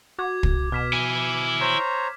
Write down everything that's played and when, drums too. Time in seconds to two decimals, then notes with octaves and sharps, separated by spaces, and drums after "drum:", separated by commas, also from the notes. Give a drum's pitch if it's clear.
0.19 F#4 D6 G#6
0.43 drum: kick
0.72 B2 F6 B6 E7
0.93 E4 G#5
1.61 C5 C#5 A#5